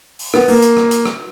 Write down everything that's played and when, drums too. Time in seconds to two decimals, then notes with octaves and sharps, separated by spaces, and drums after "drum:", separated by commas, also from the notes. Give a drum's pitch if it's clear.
0.19 drum: open hi-hat
0.34 B3, drum: rim click
0.48 A#3, drum: open hi-hat
0.62 drum: hi-hat
0.77 drum: rim click
0.91 drum: hi-hat
1.06 drum: rim click